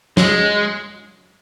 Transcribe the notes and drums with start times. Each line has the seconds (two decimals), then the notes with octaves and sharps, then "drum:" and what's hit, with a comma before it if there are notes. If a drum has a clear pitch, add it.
0.17 G#3, drum: snare